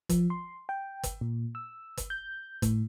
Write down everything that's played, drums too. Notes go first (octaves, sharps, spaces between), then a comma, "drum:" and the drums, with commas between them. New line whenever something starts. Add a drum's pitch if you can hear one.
F3, drum: kick G1, hi-hat
C6
G5
drum: kick G1, hi-hat
A#2
E6
drum: kick G1, hi-hat
G6
A2, drum: kick G1, hi-hat